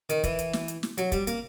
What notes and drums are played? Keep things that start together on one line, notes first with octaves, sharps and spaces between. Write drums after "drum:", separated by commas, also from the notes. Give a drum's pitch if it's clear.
D#3, drum: hi-hat
E3, drum: kick, hi-hat
drum: hi-hat
drum: snare
drum: hi-hat
drum: snare
F#3, drum: hi-hat
G3, drum: kick, hi-hat
A#3, drum: hi-hat